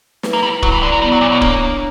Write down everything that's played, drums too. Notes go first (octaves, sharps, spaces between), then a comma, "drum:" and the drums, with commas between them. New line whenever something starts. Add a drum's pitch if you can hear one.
B4, drum: snare
A#3
G3 E4
F#3 E4, drum: kick
E3
D3 D5
F#3
G3 B3
F#3
A#2 C#5
B2
A#3 D4, drum: kick
C#5